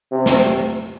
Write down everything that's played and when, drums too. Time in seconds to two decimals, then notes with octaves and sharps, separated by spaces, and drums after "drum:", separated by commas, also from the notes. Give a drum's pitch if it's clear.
0.12 C3
0.26 drum: snare